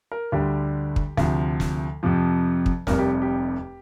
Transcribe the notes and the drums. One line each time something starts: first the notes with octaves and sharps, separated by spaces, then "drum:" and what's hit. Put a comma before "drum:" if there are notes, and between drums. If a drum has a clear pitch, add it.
A#4
D2 D3 G3 G4
drum: kick
D2 C3 F3, drum: snare
drum: snare
F2 C3 F3
drum: kick
F1 F2 C3 G3 A#4, drum: snare
G4
G4